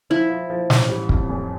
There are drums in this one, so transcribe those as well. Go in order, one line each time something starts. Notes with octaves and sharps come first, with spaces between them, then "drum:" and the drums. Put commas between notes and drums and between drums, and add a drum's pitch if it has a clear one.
F3 E4
F3
F3
A1, drum: snare
G3
F2, drum: kick
F1